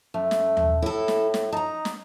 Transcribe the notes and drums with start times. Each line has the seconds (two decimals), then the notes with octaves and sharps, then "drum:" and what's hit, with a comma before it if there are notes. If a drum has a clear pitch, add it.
0.14 F#2 A3
0.31 drum: snare
0.57 drum: tom D#2
0.82 A2 E4 A4
1.08 drum: snare
1.34 drum: snare
1.53 D#4 A5 A#5
1.85 drum: snare